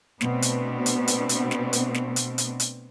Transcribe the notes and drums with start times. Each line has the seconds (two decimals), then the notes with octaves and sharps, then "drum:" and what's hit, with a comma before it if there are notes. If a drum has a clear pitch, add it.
0.21 B2 A3 B3 C4 D4, drum: snare
0.42 drum: hi-hat
0.86 drum: hi-hat
1.08 drum: hi-hat
1.29 drum: hi-hat
1.51 drum: snare
1.73 drum: hi-hat
1.94 drum: snare
2.16 drum: hi-hat
2.38 drum: hi-hat
2.60 drum: hi-hat